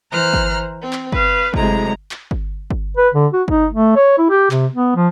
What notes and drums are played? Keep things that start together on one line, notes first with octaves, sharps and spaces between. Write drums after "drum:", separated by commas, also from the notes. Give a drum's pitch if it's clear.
E3 C5 A#5 F6 F#6
drum: kick G1
C4
drum: clap
B4 F5, drum: kick G1
A2 C3 F#3 G#3 A#5, drum: kick G1
drum: clap
drum: kick G1
drum: kick G1
B4
D3
F#4
D#4, drum: kick G1
A3
C#5
E4
G4
C3, drum: clap
B3
F3